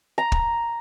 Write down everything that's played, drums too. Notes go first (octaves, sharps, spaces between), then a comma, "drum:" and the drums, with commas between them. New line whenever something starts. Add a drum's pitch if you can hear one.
A#5
drum: kick